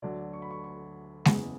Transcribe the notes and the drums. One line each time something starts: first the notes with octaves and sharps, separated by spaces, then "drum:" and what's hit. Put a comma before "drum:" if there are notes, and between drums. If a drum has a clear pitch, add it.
D2 D3 F#3 A3 D5
C#6
B5
C#6
C#6
F#1 E2 C#3 G#3, drum: snare